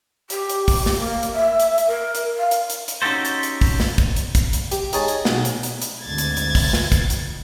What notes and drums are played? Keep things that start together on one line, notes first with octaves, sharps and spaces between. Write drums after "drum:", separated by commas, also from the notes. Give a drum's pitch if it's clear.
G4, drum: hi-hat
drum: hi-hat
drum: kick, open hi-hat
drum: snare
A#3
drum: hi-hat
E5
drum: hi-hat
drum: hi-hat
A#4
drum: hi-hat
F5
drum: hi-hat
drum: hi-hat
drum: hi-hat
C#4 D#4 F#4 G4 A4 C5
drum: hi-hat
drum: hi-hat
drum: kick, open hi-hat
drum: snare
drum: kick, hi-hat
drum: hi-hat
drum: kick, hi-hat
drum: hi-hat
G4, drum: hi-hat
D#4 G#4 C#5 G#5 A5, drum: hi-hat
drum: hi-hat
B1, drum: snare
drum: hi-hat
drum: hi-hat
drum: hi-hat
G#1 D2 D3 G#6 A6
drum: hi-hat
drum: hi-hat
drum: kick, open hi-hat
drum: snare
drum: kick, hi-hat
drum: hi-hat